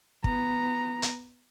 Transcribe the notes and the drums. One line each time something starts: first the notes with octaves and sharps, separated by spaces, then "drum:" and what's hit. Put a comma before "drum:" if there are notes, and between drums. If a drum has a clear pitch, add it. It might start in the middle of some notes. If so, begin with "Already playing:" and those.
B3 A#5, drum: kick
drum: hi-hat